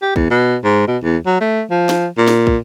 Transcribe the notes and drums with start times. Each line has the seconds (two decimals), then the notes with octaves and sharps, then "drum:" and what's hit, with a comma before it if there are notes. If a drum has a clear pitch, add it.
0.02 G4
0.16 E2, drum: kick
0.31 B2
0.64 G#2
0.88 B2
1.03 E2
1.26 F#3
1.41 A3
1.71 F3
1.89 drum: snare
2.18 A#2
2.28 drum: snare
2.47 drum: kick